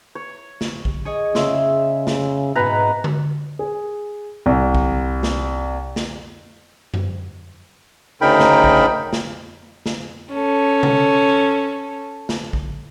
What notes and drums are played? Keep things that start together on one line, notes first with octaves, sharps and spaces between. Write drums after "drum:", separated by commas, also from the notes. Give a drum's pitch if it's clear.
C#5
drum: snare
drum: kick
G#4 C#5 D#5
C#3 E5 C6, drum: snare
drum: snare
G#2 B2 B3 C4 B4 G#5 A#5
drum: tom D3
G#4
C2
drum: kick
drum: snare
drum: snare
drum: tom F#2
D2 C#3 D#4 A#4 G5 B5
drum: snare
drum: kick
drum: snare
drum: snare
C#4 A4
drum: tom C3
drum: snare
drum: kick